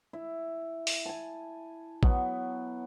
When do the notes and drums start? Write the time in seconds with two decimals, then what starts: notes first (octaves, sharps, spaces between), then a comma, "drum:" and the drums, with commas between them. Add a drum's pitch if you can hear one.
0.13 E4
0.87 drum: open hi-hat
1.06 G#5 A5
2.03 F#3 B3, drum: kick A#1